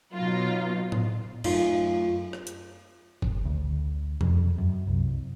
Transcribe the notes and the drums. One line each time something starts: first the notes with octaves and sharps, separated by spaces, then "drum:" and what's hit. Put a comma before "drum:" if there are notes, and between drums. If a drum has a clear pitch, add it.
B2 F#3 D#4 F4
drum: tom A2
F#2 A3 D#4 F4, drum: cymbal
drum: rim click
drum: hi-hat
drum: kick G1
D2
F2, drum: tom B2
F#2
C2